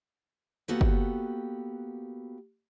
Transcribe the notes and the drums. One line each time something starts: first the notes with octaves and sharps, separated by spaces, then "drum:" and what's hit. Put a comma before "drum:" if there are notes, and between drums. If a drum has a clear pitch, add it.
A#3 B3 F#4 G4 A4 B4
drum: kick F#1